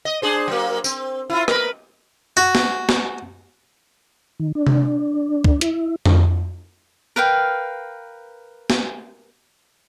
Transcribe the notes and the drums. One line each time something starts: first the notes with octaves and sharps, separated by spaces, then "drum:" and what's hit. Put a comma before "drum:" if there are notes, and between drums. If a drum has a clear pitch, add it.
D#5
D4 G#4 C5
F#3 A#3
C4, drum: tambourine
E4 F4
A#4 B4, drum: rim click
F#4
drum: snare
drum: snare
D#3
D4
drum: tom C3
drum: kick C#2
E4, drum: hi-hat
drum: tom F2
A#4 B4 F5 G5
drum: snare